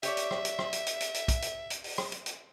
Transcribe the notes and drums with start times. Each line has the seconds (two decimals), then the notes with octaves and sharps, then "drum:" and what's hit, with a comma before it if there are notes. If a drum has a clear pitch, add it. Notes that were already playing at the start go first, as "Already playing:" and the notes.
0.03 G4 C#5 D5 E5, drum: hi-hat
0.17 drum: hi-hat
0.31 drum: rim click
0.45 drum: hi-hat
0.59 drum: rim click
0.73 drum: hi-hat
0.87 drum: hi-hat
1.00 drum: hi-hat
1.14 drum: hi-hat
1.28 drum: kick, hi-hat
1.42 drum: hi-hat
1.70 drum: hi-hat
1.84 drum: open hi-hat
1.98 drum: rim click
2.12 drum: hi-hat
2.26 drum: hi-hat